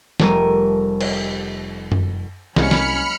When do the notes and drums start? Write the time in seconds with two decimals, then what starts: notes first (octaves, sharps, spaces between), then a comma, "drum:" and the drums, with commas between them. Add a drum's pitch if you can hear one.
0.20 F1 G3 A3 A#4 D6 D#7, drum: snare
1.01 drum: cymbal
1.92 drum: tom F#2
2.56 C2 F#3 G#3 A#3 C#4 B5 F6 C#7, drum: snare
2.71 drum: snare